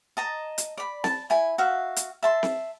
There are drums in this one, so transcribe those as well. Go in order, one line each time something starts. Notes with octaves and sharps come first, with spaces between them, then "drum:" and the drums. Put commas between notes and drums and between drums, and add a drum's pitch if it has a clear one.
D#5 A5 A#5
drum: hi-hat
D5 B5
A5, drum: snare C4
E4 G#5
F#4 E5 F5
drum: hi-hat
E5 A5 C6
drum: snare C4